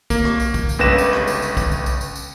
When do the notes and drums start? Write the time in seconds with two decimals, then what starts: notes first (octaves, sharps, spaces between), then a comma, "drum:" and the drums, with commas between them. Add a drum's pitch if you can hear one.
0.10 A#3, drum: kick B1, tambourine
0.25 drum: rim click
0.40 drum: tambourine
0.54 drum: kick B1, tambourine
0.69 drum: tambourine
0.79 G1 C#2 B4 A#6 E7
0.98 drum: tambourine
1.13 drum: rim click
1.28 drum: tambourine
1.42 drum: tambourine
1.57 drum: kick B1, tambourine
1.72 drum: tambourine
1.86 drum: tambourine
2.01 drum: tambourine
2.16 drum: tambourine